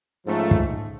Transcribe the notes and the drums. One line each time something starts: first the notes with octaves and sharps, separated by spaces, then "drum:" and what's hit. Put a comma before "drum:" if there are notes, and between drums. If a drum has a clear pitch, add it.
G#2 F3 A3 C#4
drum: kick